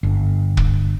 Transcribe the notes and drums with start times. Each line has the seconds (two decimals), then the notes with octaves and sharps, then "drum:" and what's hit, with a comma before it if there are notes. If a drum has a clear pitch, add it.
0.03 G1
0.57 drum: kick